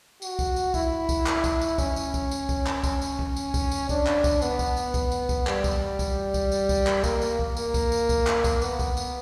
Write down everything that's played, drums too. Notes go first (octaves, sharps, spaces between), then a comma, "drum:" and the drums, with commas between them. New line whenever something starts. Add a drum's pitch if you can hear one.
F#4, drum: tambourine
drum: kick, tambourine
drum: tambourine
E4, drum: kick, tambourine
drum: kick, tambourine
drum: clap
drum: kick, tambourine
drum: tambourine
C#4, drum: kick, tambourine
drum: tambourine
drum: kick, tambourine
drum: tambourine
drum: kick, tambourine
drum: clap
C#4, drum: kick, tambourine
drum: tambourine
drum: kick
drum: tambourine
drum: kick, tambourine
drum: tambourine
D4, drum: kick, tambourine
drum: clap
drum: kick, tambourine
B3, drum: tambourine
drum: kick, tambourine
drum: tambourine
drum: kick, tambourine
drum: tambourine
drum: kick, tambourine
G3, drum: clap
drum: kick, tambourine
drum: kick, tambourine
drum: kick, tambourine
drum: tambourine
drum: kick, tambourine
drum: clap
A#3, drum: kick, tambourine
drum: tambourine
drum: kick
A#3, drum: tambourine
drum: kick, tambourine
drum: tambourine
drum: kick, tambourine
drum: clap
drum: kick, tambourine
B3, drum: tambourine
drum: kick, tambourine
drum: tambourine